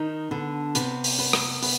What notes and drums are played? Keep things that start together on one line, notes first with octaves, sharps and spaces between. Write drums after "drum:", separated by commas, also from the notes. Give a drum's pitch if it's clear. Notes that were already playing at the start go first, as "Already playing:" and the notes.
Already playing: D#3 D#4
D3 B3
C3 B3, drum: hi-hat
drum: open hi-hat
B3
drum: rim click
B3, drum: open hi-hat